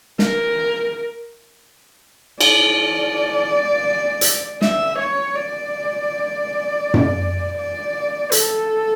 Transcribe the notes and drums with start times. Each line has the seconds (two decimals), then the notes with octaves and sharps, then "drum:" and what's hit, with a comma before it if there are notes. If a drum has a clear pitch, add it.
0.19 A#4, drum: snare
2.41 D5, drum: cymbal
4.21 drum: hi-hat
4.62 E5, drum: snare
4.99 C#5
5.36 D5
6.94 drum: tom F#2
7.58 D5
8.32 A4, drum: hi-hat